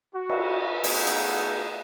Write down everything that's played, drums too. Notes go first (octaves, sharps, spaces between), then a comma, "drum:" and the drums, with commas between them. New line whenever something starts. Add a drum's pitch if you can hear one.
F#4
drum: cymbal
A3 B3 D#4 G#4 F#5, drum: open hi-hat
drum: hi-hat